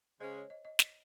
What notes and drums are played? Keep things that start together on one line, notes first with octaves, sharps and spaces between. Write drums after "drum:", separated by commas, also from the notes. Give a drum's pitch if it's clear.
C#3 G#3 C#4 C5
C#5
D#5
D#5
drum: snare